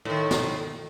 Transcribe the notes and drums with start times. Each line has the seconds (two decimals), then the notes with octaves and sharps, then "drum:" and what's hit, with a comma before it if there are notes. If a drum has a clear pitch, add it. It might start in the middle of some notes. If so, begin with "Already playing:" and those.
0.05 A2 D#3
0.31 drum: snare